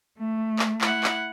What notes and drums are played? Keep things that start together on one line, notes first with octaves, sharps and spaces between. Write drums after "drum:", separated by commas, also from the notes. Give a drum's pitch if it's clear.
A3
drum: clap
E4 F#5, drum: clap
drum: clap